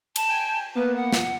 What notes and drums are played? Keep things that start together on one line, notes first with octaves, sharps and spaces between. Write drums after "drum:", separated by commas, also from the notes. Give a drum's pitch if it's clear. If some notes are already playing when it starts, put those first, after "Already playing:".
A5, drum: cymbal
G5 G#5
A#3 B3 B4
F#5
drum: snare